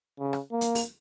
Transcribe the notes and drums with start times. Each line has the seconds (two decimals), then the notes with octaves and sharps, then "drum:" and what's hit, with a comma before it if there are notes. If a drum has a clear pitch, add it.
0.19 C#3
0.33 drum: rim click
0.52 A#3
0.61 drum: hi-hat
0.75 drum: open hi-hat